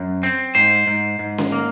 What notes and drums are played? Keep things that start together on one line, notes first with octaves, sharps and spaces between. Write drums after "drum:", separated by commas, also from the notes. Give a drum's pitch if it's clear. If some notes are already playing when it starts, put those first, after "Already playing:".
Already playing: F#2
C4
G#2 C5
G#2
G#2
drum: snare C#4
A#3